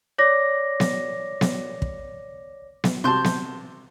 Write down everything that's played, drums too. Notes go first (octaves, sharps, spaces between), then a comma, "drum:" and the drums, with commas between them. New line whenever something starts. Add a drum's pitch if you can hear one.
C#5 D5 D6 A#6
drum: snare B3
drum: snare B3
drum: kick
drum: snare B3
C3 F#4 A5 C6 G6
drum: snare B3